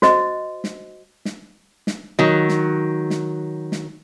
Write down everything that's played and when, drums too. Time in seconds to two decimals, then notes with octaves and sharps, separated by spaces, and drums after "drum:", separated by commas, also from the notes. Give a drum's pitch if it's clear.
0.02 F#4 C5 D#5, drum: snare
0.64 drum: snare
1.25 drum: snare
1.87 drum: snare
2.19 D#3 F#3
2.49 drum: snare
3.10 drum: snare
3.72 drum: snare